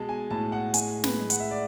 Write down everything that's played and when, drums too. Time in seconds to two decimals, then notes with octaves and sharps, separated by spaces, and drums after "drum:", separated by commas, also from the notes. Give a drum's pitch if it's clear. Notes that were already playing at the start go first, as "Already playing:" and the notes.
Already playing: B2 G#3 A5
0.09 G#5
0.30 A2 A5
0.52 F#5
0.74 G#3 G#5, drum: hi-hat
1.04 B4, drum: snare
1.18 G#3
1.30 F#5, drum: hi-hat
1.40 E5
1.51 D5